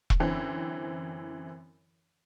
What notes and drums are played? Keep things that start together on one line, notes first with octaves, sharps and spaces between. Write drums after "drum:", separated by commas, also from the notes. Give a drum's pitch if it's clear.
drum: kick E1
F#2 D3 E3 C4 C#4